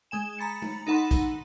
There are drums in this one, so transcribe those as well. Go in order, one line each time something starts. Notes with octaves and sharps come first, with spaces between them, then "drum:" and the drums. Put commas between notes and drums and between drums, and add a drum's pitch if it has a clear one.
G#3 G#5 E7
A#5 B5 A6 C#7
drum: tom G#3
D#4 A4 F#5 B5 C6
drum: kick A#1, tambourine